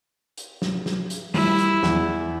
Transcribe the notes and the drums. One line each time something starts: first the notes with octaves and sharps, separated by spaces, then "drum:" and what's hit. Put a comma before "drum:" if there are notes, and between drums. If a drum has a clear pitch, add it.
drum: hi-hat
drum: snare
drum: snare
drum: hi-hat
G3 E4, drum: open hi-hat
drum: hi-hat
E2, drum: snare